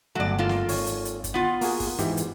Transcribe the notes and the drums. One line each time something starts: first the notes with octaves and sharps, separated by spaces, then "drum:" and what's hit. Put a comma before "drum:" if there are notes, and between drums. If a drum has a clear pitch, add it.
G1 F#3 A3 D5
A#3 F4 A4
drum: snare
G#1 C#5, drum: open hi-hat
drum: hi-hat
drum: hi-hat
drum: kick, hi-hat
B3 F4
A#3 F#4 G#4, drum: open hi-hat
drum: kick, open hi-hat
G#2 E3 G4, drum: hi-hat
drum: hi-hat